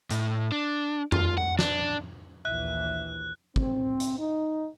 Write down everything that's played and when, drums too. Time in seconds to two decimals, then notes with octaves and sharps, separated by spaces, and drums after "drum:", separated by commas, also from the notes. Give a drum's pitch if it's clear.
0.11 A2, drum: hi-hat
0.52 D4
1.12 F4, drum: tom F2
1.38 F#5
1.59 D4, drum: snare
2.45 A#1 D#2 E3 E5 F#6
3.56 C4, drum: kick
4.00 drum: hi-hat
4.19 D#4